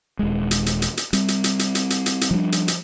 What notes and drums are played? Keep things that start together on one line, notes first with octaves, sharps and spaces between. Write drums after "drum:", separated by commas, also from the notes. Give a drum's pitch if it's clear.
D#1 G#3
drum: hi-hat
drum: hi-hat
drum: hi-hat
drum: hi-hat
G3 C4, drum: hi-hat
drum: hi-hat
drum: hi-hat
drum: hi-hat
drum: hi-hat
drum: hi-hat
drum: hi-hat
drum: hi-hat
F3 G3 D4
drum: hi-hat
drum: hi-hat